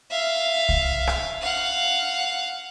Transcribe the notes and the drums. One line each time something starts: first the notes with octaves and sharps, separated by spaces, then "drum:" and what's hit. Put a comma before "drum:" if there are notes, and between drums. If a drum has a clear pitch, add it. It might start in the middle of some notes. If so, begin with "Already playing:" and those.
E5 F5
drum: kick C2
drum: rim click
F5 F#5